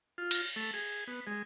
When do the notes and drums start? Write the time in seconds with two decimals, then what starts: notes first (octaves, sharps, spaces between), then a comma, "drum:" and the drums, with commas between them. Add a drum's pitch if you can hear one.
0.18 F4
0.31 drum: cymbal
0.56 A3
0.74 G#4
1.07 B3
1.27 G#3